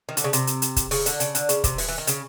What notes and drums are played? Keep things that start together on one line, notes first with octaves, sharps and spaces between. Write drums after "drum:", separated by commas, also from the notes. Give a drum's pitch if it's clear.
D#3
D3, drum: hi-hat
C#3
C3, drum: hi-hat
drum: hi-hat
drum: hi-hat
drum: kick, hi-hat
C#3, drum: open hi-hat
D3, drum: hi-hat
C#3, drum: hi-hat
D3, drum: hi-hat
C#3, drum: hi-hat
C3, drum: kick, hi-hat
E3, drum: open hi-hat
E3
D#3
C#3, drum: hi-hat